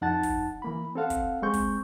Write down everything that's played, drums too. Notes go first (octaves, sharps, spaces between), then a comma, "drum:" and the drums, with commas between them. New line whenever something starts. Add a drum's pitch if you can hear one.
F2 D#4 F#5 A5 A6
drum: kick, open hi-hat
E3 A#3 B5
C4 A4 F5 F#5
drum: kick, hi-hat
G#3 C4 C#6 G6
drum: kick, open hi-hat